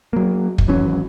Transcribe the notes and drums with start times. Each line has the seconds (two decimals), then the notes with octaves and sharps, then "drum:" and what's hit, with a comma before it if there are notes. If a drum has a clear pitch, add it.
0.13 F#3 A#3
0.58 drum: kick
0.68 G#1 E3 F#3 C#4